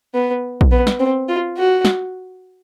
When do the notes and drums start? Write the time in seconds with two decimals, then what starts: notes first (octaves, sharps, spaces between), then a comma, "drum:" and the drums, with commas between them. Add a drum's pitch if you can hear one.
0.14 B3
0.61 drum: kick A#1
0.71 B3
0.87 drum: snare
1.00 C4
1.28 F4
1.57 F#4
1.85 drum: snare